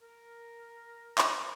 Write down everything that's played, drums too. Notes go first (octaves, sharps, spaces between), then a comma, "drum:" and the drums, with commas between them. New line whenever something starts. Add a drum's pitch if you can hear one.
A#4
drum: clap